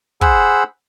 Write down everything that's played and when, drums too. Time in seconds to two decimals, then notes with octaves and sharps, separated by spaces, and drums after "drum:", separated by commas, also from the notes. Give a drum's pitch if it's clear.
0.21 G#4 C5 F#5 B5 E6, drum: kick